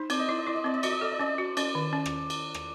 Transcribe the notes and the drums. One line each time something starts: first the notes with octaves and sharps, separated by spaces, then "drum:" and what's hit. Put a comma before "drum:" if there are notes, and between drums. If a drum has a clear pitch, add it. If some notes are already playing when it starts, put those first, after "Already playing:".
Already playing: D#4 C5
C4 D5, drum: cymbal
D#5
E4 D5
D#5
E4 D5
D#5
C4 D5
D#5
F#4 D5, drum: cymbal
D#5
A4 D5
D#5
C#4 D5
F#4
C#4 D5, drum: cymbal
D#3
C#4
drum: rim click
drum: cymbal
drum: rim click